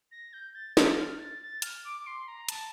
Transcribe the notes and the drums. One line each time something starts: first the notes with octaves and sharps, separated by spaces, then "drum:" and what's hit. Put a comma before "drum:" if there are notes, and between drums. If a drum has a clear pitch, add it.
A#6
G6
A6
A6, drum: snare
F6
A6
A6
F6, drum: hi-hat
D6
C6
A#5
A5, drum: hi-hat